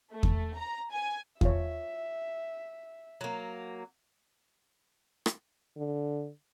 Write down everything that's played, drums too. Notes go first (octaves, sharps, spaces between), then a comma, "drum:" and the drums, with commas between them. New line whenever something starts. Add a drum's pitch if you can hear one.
A3
drum: kick E2
A#5
G#5
F4 C#5 E5, drum: kick E2
F#3 A#3
drum: rim click
D3